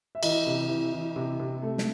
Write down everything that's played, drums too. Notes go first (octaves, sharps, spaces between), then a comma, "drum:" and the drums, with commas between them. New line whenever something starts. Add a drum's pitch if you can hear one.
E5
E3 D#5, drum: cymbal
C3
E3
E3
C3
C3
A3
drum: snare